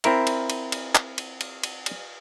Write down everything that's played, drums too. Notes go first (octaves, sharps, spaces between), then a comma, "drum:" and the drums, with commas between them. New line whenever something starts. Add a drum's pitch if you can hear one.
C4 E4 A#4 E5, drum: cymbal
drum: cymbal
drum: cymbal
drum: cymbal
drum: clap
drum: cymbal
drum: cymbal
drum: cymbal
drum: cymbal